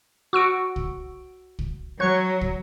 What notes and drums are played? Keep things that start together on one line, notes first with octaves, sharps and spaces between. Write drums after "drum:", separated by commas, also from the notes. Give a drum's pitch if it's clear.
F#4 C#6 E6 D7
drum: kick
drum: kick
F#3 C#5 C#6 F#6
drum: kick